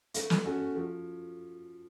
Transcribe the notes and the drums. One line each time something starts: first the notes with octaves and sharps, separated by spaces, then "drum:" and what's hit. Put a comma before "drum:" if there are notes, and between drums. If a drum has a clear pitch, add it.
A3, drum: hi-hat
drum: snare
C#4 F#4 A4
F3